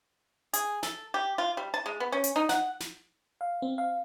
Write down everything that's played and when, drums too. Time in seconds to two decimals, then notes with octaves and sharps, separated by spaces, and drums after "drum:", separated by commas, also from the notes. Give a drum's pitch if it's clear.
0.53 G#4, drum: hi-hat
0.83 A4, drum: snare
1.14 G4
1.38 F4
1.57 G3
1.74 A5
1.86 G#3
2.00 B3
2.12 C#4
2.24 drum: hi-hat
2.36 D#4
2.49 F#5, drum: snare
2.80 drum: snare
3.41 F5
3.62 C4
3.78 F5